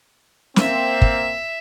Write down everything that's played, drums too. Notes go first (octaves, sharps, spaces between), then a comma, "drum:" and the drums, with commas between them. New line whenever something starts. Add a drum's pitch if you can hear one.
A#3 C4 E5, drum: snare
drum: kick